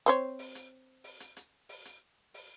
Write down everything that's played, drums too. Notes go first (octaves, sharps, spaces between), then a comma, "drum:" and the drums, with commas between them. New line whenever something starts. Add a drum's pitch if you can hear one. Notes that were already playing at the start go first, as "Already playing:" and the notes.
C4 C5 C#5, drum: hi-hat
drum: open hi-hat
drum: hi-hat
drum: open hi-hat
drum: hi-hat
drum: hi-hat
drum: open hi-hat
drum: hi-hat
drum: open hi-hat